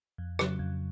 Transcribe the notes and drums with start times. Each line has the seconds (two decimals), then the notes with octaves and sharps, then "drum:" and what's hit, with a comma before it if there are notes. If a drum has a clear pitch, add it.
0.18 F2
0.39 C#3 F#3, drum: rim click
0.59 F2